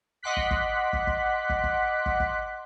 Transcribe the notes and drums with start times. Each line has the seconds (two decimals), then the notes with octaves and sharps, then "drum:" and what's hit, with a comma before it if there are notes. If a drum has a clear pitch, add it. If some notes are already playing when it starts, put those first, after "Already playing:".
0.23 D#5 F#5 C6 D6 F#6 B6
0.37 drum: kick
0.51 drum: kick
0.93 drum: kick
1.07 drum: kick
1.49 drum: kick
1.64 drum: kick
2.06 drum: kick
2.20 drum: kick